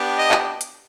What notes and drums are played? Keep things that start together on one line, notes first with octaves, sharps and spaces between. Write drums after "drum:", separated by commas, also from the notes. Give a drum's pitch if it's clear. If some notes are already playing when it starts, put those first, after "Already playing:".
Already playing: B3 D4 G4
D#5
drum: clap
drum: hi-hat